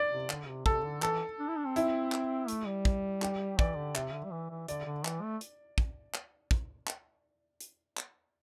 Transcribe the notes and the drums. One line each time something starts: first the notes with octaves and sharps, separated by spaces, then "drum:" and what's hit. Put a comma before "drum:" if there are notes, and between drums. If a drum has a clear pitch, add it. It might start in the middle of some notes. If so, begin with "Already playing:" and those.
Already playing: D5
C3
D3, drum: clap
C3
C3 A4, drum: kick
D3
E3 A4, drum: clap
D4
E4
D4
C4
E4, drum: hi-hat
drum: clap
A3, drum: hi-hat
G3
drum: kick
G4, drum: clap
E3 D5, drum: kick
D3
C3 E5, drum: clap
D3
G3
E3
E3
D3 D5, drum: hi-hat
D3
E3, drum: clap
A3
drum: hi-hat
drum: kick
drum: clap
drum: kick
drum: clap
drum: hi-hat
drum: clap